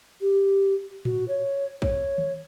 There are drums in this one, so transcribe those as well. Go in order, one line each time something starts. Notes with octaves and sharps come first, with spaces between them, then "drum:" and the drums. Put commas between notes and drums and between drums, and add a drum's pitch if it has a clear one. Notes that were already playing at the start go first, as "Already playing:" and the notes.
G4
F#4, drum: tom A2
C#5
C#5, drum: kick
drum: tom